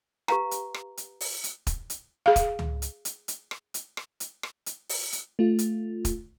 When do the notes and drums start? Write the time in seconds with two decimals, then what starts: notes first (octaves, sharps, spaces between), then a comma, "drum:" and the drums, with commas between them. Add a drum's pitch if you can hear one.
0.28 G4 B4 F5 A#5, drum: rim click
0.51 drum: hi-hat
0.74 drum: rim click
0.97 drum: hi-hat
1.21 drum: open hi-hat
1.44 drum: hi-hat
1.67 drum: kick, hi-hat
1.90 drum: hi-hat
2.26 G#4 F5
2.36 drum: kick, hi-hat
2.59 drum: tom C#2
2.82 drum: hi-hat
3.05 drum: hi-hat
3.28 drum: hi-hat
3.51 drum: rim click
3.74 drum: hi-hat
3.97 drum: rim click
4.20 drum: hi-hat
4.43 drum: rim click
4.66 drum: hi-hat
4.89 drum: open hi-hat
5.12 drum: hi-hat
5.39 A3 F4
5.59 drum: hi-hat
6.05 drum: kick, hi-hat